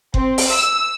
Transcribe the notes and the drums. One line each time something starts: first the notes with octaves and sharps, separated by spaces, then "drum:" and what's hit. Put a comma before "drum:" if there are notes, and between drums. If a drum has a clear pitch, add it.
C4, drum: kick F#1
drum: open hi-hat
E6